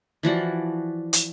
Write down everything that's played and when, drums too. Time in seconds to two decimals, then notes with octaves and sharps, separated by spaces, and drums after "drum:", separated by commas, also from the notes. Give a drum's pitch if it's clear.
0.23 E3 F3 F#4 D5
1.13 drum: hi-hat